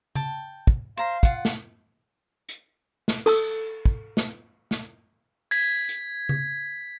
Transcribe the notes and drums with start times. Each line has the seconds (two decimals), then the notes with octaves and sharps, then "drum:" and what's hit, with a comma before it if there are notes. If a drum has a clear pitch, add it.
0.15 G5 A5, drum: tom C#3
0.67 drum: kick
0.97 C5 F5 A#5
1.23 F4 F#5, drum: kick
1.45 drum: snare
2.49 drum: hi-hat
3.08 drum: snare
3.26 A4 A5 E6, drum: cymbal
3.85 drum: kick
4.17 drum: snare
4.71 drum: snare
5.51 G#6 B6, drum: open hi-hat
5.89 drum: hi-hat
6.29 drum: tom C#3